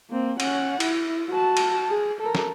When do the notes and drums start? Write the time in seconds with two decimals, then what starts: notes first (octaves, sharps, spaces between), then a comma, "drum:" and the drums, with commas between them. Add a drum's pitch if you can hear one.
0.10 A#3 C4
0.40 C#4 F#5, drum: cymbal
0.80 E4, drum: cymbal
1.30 F#4 A5
1.57 drum: cymbal
1.90 G#4
2.21 A4 A#4
2.35 drum: snare